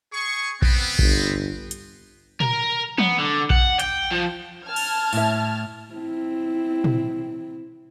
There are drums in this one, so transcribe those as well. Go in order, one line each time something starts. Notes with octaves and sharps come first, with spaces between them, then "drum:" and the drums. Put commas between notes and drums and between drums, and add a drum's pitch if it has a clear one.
G#4 C#6
B3 C4, drum: kick A#1
G1, drum: kick A#1
drum: hi-hat
A#4, drum: tom
B3, drum: tom
D3
F#5, drum: kick A#1
G5, drum: hi-hat
F3
A5 F6 G#6
drum: cymbal
A2 E5, drum: open hi-hat
C4 E4
drum: tom